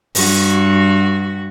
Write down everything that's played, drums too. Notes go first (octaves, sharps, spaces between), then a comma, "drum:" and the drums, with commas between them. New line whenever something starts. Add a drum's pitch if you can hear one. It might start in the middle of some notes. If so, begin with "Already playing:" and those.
G2 F#4, drum: open hi-hat